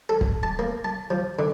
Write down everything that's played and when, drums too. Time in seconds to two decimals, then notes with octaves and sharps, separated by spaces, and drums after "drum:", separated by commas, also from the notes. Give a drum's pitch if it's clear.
0.09 A4
0.21 drum: kick
0.43 A5
0.59 A#3
0.85 A5
1.10 F3
1.39 D3